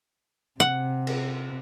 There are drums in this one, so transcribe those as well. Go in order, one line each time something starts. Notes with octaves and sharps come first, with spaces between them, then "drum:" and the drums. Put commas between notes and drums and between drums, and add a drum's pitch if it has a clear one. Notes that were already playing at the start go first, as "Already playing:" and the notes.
C3 F#5
drum: cymbal